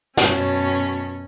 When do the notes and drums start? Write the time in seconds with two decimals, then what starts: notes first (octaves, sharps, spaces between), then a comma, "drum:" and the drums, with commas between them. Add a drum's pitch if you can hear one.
0.17 F#2 B2 C#4 F#4 C#5 A5, drum: snare